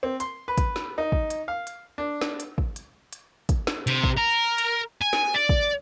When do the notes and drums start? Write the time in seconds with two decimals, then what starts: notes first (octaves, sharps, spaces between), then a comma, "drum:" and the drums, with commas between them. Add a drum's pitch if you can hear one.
0.03 C4
0.20 C6, drum: hi-hat
0.48 B4
0.58 drum: kick, hi-hat
0.76 drum: snare
0.98 D#4
1.12 drum: kick
1.30 drum: hi-hat
1.48 F5
1.67 drum: hi-hat
1.98 D4
2.21 drum: snare
2.40 drum: hi-hat
2.58 drum: kick
2.76 drum: hi-hat
3.13 drum: hi-hat
3.49 drum: kick, hi-hat
3.67 drum: snare
3.87 C3, drum: hi-hat
4.04 drum: kick
4.17 A#4
4.58 drum: hi-hat
5.01 G#5
5.13 drum: snare
5.35 D5
5.49 drum: kick